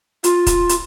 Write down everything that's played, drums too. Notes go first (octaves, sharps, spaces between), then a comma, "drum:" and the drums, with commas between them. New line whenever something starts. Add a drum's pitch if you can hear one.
F4, drum: hi-hat
drum: kick, hi-hat
drum: hi-hat